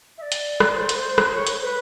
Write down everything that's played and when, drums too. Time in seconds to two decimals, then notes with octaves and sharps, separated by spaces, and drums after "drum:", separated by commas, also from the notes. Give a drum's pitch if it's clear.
0.17 E5
0.21 D5
0.32 drum: hi-hat
0.60 drum: rim click
0.75 C5
0.89 drum: hi-hat
1.18 drum: rim click
1.32 C#5
1.47 drum: hi-hat
1.61 C5
1.64 B4